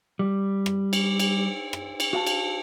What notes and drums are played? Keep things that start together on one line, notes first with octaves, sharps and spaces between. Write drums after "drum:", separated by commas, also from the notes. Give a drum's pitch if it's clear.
G3
drum: rim click
drum: cymbal
drum: cymbal
drum: rim click
drum: cymbal
F#4 F5 A5
drum: cymbal